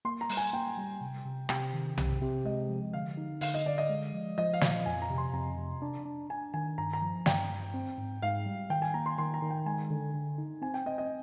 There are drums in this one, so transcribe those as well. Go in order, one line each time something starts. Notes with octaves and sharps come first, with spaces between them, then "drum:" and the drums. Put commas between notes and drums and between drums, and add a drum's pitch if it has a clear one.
A#3 C6
A#5
G3, drum: open hi-hat
G#5
A#3 G5
G3
C3
C3
C3 G5, drum: rim click
D#3
C3, drum: tom B1
C3
G#3 D#5
F3
D3 F5
D#4
D3 F5, drum: open hi-hat
D#5
D3 D5
D#5
G#3
F3
F3 D#5
F5
A#2, drum: snare
F5
F2 G#5
A#5
C3
C6
F2 A#5
C3
D4
D4
D4 G#5
D#3 G#5
G2 A#5
A#5
F3
G2 G5, drum: snare
G2
C4
G#2
G#2 F5
G3
D#3 G5
G#5
A#3 A#5
C6
D#3 C6
A#5
D#3
G5
G#3 G#5
D3
D3
D#4
C4 G#5
G5
C4 D#5
D#5